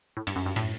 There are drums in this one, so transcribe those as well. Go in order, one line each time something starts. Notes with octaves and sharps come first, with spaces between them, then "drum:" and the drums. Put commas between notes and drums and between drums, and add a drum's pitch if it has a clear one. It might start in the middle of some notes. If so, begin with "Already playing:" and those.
A2
G2, drum: hi-hat
F#2
G2
A2, drum: hi-hat